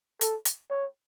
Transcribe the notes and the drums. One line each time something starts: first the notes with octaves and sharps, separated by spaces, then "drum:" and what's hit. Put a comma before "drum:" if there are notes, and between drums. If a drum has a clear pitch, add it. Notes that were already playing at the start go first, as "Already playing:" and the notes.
A4, drum: hi-hat
drum: hi-hat
C#5